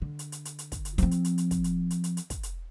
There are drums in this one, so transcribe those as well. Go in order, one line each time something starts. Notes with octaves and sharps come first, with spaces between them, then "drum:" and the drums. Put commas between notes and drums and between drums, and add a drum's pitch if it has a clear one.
D3
drum: hi-hat
drum: hi-hat
drum: hi-hat
drum: hi-hat
drum: kick, hi-hat
drum: hi-hat
F3 C4, drum: hi-hat
drum: hi-hat
drum: hi-hat
drum: hi-hat
drum: kick, hi-hat
drum: hi-hat
drum: hi-hat
drum: hi-hat
drum: hi-hat
drum: kick, hi-hat
drum: hi-hat